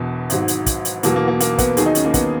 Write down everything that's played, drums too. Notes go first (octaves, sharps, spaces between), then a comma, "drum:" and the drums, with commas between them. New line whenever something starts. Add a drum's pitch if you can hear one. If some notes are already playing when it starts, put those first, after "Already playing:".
Already playing: E1 E2 B2 B3
G#1 G#2 F#3, drum: hi-hat
drum: hi-hat
drum: kick, hi-hat
drum: hi-hat
E2 B2 F#3 A#3, drum: hi-hat
A#3
A#3
A#3, drum: hi-hat
B3, drum: kick, hi-hat
D#2 D#3 F#3 G#4, drum: hi-hat
D#4
C#4, drum: hi-hat
A#3
B3, drum: kick, hi-hat